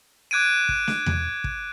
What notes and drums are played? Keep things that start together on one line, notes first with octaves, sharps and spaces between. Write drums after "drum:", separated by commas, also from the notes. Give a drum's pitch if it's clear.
D6 F#6 G#6 D7 D#7
drum: kick
drum: snare
drum: tom E2
drum: kick